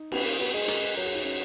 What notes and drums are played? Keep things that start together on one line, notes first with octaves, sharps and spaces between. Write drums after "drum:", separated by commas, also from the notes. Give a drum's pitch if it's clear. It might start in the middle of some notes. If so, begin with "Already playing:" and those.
Already playing: D#4
B3, drum: cymbal
A#3
B3 F#4
G#3 G#4
A#4, drum: hi-hat
B4
F#3 A#4
G#4
D#4
F#3 C#4